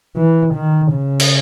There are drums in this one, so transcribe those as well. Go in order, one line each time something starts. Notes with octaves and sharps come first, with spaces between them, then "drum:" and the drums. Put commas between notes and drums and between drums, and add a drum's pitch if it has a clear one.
E3
D#3
C#3
drum: cymbal